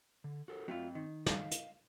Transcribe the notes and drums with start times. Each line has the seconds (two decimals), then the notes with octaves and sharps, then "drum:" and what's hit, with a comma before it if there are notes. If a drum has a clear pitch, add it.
0.24 D3
0.48 F#4 A4 A#4
0.68 F#3 A3 C4 F4 D#5
0.95 D#3
1.26 D#5 F5, drum: snare
1.51 drum: hi-hat